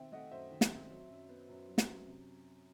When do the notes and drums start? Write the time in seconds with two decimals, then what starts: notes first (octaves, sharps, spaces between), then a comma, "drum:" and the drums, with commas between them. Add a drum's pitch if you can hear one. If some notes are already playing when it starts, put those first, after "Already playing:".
Already playing: B2 D#3 C4 E5 G5
0.12 A3 D#5 F#5
0.31 F#2 C5 E5
0.51 D#3
0.61 drum: snare
0.71 C4
0.90 F#3
1.09 F#2
1.29 B3
1.49 F#2
1.69 F#3
1.78 drum: snare
1.87 F#2
2.07 C3